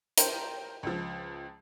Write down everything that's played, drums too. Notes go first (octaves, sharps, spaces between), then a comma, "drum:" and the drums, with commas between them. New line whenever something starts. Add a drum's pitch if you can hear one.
A#4 C5 G5, drum: hi-hat
C#2 F3